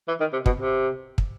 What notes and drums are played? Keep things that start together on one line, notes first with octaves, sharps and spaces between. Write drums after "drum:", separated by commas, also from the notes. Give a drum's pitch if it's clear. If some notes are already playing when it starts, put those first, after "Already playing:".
E3
D#3
C3
B2, drum: kick
C3
drum: kick